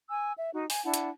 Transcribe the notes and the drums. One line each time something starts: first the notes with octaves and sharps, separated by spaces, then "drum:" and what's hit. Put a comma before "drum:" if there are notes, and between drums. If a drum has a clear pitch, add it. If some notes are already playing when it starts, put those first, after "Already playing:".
G#5 E6
E5
D#4 F#4
G#5, drum: open hi-hat
D4 E4 F#5 A5
drum: hi-hat